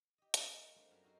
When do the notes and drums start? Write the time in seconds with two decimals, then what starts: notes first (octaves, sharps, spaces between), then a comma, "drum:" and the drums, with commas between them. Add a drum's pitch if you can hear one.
0.18 G4 D#5
0.34 G#3 A#3, drum: hi-hat
0.57 F4
0.76 G3 A3 C4 D4
0.91 F#2 F#3 A#4
1.04 D#4 F#4 A4 A#4 C5